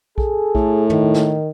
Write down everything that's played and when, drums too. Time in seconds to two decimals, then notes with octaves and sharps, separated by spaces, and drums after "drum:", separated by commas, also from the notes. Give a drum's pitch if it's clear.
0.18 G#4 A4, drum: kick B1
0.55 A2, drum: kick B1
0.90 D#3, drum: tom
1.14 drum: snare